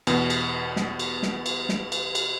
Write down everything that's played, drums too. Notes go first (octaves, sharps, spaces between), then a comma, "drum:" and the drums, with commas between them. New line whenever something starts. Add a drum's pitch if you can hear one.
E2 B2 B3, drum: cymbal
drum: cymbal
drum: snare
drum: cymbal
drum: snare
drum: cymbal
drum: snare
drum: cymbal
drum: cymbal